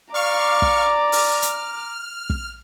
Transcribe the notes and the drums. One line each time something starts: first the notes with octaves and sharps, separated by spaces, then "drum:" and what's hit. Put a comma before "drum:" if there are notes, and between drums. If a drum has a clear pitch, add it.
D5 F5 A#5 C#6 D6 F6
drum: kick
F6, drum: open hi-hat
drum: hi-hat
drum: kick